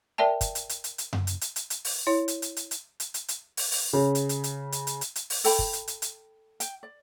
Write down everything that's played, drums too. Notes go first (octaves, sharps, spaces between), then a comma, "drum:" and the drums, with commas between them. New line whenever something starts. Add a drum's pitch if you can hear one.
A#4 D5 E5 G5 A5
drum: kick, hi-hat
drum: hi-hat
drum: hi-hat
drum: hi-hat
drum: hi-hat
drum: tom F#2
drum: hi-hat
drum: hi-hat
drum: hi-hat
drum: hi-hat
drum: open hi-hat
E4 C#5
drum: hi-hat
drum: hi-hat
drum: hi-hat
drum: hi-hat
drum: hi-hat
drum: hi-hat
drum: hi-hat
drum: open hi-hat
drum: open hi-hat
C#3
drum: hi-hat
drum: hi-hat
drum: hi-hat
drum: hi-hat
drum: hi-hat
drum: hi-hat
drum: hi-hat
drum: open hi-hat
A4 G5 B5, drum: open hi-hat
drum: kick
drum: hi-hat
drum: hi-hat
drum: hi-hat
G5, drum: hi-hat
D5